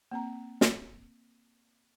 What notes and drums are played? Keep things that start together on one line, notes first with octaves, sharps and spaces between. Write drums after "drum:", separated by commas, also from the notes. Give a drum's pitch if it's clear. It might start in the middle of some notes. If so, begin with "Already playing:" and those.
A#3 C4 A#5
drum: snare